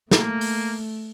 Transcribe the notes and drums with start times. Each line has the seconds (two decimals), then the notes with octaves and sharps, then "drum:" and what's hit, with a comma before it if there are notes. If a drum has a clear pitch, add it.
0.11 A3 A#3, drum: snare
0.41 drum: open hi-hat